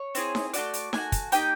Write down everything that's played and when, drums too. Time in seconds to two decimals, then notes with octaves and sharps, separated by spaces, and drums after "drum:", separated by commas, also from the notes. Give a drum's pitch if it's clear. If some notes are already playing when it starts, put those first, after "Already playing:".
Already playing: C#5
0.15 C4 E4 G#4, drum: hi-hat
0.35 drum: snare D#4
0.54 A3 D4 F#4 D5, drum: hi-hat
0.73 drum: hi-hat
0.93 A3 D4 F#4 G#5, drum: snare D#4
1.12 drum: kick, hi-hat
1.32 A#3 D#4 G4 G5, drum: hi-hat